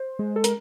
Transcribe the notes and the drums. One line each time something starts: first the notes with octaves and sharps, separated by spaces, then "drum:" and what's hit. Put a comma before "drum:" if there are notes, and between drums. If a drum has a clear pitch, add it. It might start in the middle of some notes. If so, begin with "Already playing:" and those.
Already playing: C5
G#3
A4
A#4, drum: hi-hat